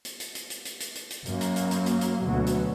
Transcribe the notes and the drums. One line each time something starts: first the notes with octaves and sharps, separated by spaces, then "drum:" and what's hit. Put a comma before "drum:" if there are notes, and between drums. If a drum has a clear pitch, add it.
drum: hi-hat
drum: hi-hat
drum: hi-hat
drum: hi-hat
drum: hi-hat
drum: hi-hat
drum: hi-hat
drum: hi-hat
F#2 F#3 A#3, drum: hi-hat
drum: hi-hat
drum: hi-hat
drum: hi-hat
drum: hi-hat
drum: hi-hat
D2 B2 F#3
drum: hi-hat